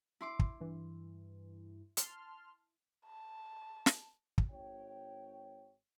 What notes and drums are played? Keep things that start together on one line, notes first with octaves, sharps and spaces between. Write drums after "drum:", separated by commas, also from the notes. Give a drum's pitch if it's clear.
E4 C6 D6
drum: kick
G2 E3
A5 C6 F6, drum: hi-hat
A5
drum: snare
drum: kick
G#1 C#5 G5